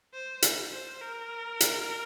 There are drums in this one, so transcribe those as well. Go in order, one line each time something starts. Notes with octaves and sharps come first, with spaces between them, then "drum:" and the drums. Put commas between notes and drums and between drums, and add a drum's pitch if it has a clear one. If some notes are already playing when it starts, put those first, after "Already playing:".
C5
drum: hi-hat
C5
A#4
drum: hi-hat